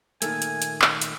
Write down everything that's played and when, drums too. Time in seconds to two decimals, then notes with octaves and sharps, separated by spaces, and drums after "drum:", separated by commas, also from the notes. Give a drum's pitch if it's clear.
0.22 A#2 D#3 A3 G#5, drum: hi-hat
0.42 drum: hi-hat
0.62 drum: hi-hat
0.82 drum: clap
1.02 drum: hi-hat